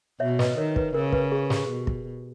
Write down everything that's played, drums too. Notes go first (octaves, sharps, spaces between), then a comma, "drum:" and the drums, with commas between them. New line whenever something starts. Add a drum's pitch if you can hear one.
B2 C#5 E5
B4 D#5, drum: snare
D#3 A#4 C#5
B4, drum: kick
C#3 A#4
B4, drum: kick
G#4
G4, drum: snare
B2
drum: kick